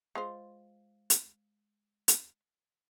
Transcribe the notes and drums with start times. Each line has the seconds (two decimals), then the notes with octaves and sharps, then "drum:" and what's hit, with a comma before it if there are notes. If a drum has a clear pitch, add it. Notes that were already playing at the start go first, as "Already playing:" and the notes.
0.15 G#3 F4 C5
1.10 drum: hi-hat
2.08 drum: hi-hat